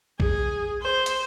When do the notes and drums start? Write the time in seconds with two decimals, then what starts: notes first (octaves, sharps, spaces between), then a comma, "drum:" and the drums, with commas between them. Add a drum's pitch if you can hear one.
0.20 G#4, drum: kick A#1
0.83 C5
1.06 drum: hi-hat